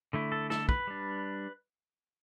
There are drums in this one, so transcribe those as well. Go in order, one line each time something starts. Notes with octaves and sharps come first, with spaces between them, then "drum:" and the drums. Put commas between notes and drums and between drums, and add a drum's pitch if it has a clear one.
D3 A3 E4
A4
A4, drum: snare
B4, drum: kick
G3 D4